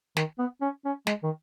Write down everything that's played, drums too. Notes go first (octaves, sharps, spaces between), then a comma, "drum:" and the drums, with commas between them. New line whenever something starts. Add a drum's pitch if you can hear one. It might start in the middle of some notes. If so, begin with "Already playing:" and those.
D#3, drum: snare
B3
C#4
C#4
G#3, drum: snare
D#3